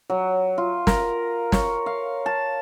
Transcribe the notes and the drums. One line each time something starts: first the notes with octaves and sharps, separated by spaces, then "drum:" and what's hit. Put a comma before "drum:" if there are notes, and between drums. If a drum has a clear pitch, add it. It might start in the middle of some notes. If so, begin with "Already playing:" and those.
F#3
F4
A#4, drum: snare
C#5, drum: snare
F5
A5